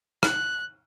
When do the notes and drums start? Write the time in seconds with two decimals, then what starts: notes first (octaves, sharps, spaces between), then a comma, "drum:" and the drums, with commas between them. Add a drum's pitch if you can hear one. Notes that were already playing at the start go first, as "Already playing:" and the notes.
0.23 F#6, drum: rim click